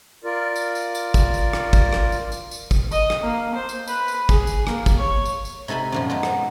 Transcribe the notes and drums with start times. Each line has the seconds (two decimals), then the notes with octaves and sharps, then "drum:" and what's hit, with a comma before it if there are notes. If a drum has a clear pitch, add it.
0.24 F4 A#4 D5
0.56 drum: tambourine
0.75 drum: tambourine
0.95 drum: tambourine
1.14 drum: kick, tambourine
1.34 drum: tambourine
1.53 drum: rim click
1.73 drum: kick, tambourine
1.93 drum: rim click
2.12 drum: tambourine
2.32 drum: tambourine
2.51 drum: tambourine
2.71 drum: kick, tambourine
2.91 D#5, drum: tambourine
3.10 drum: rim click
3.23 A#3
3.54 C5
3.69 drum: tambourine
3.88 B4, drum: tambourine
4.08 drum: tambourine
4.29 G#4, drum: kick, tambourine
4.47 drum: tambourine
4.67 A#3, drum: rim click
4.86 drum: kick, tambourine
4.98 C#5
5.25 drum: tambourine
5.45 drum: tambourine
5.68 C3 D#4 A4 G#5 B5
5.92 F#2 A#2 F3
6.10 B2 G#3 D#4
6.23 drum: rim click